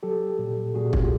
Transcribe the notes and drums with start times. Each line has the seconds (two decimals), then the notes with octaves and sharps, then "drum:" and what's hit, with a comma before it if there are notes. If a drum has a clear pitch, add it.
0.03 F#3 G4 A4
0.39 A#2
0.74 A#2 F#4 G#4
0.93 F4 G4, drum: kick